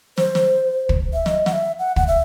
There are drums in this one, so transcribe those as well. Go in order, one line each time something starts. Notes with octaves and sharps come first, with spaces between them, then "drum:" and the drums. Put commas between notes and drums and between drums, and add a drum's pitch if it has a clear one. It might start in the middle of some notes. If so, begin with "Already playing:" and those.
C5, drum: snare
drum: snare
drum: kick
E5
D#5, drum: snare
F#5, drum: snare
E5
F#5
F#5, drum: kick
E5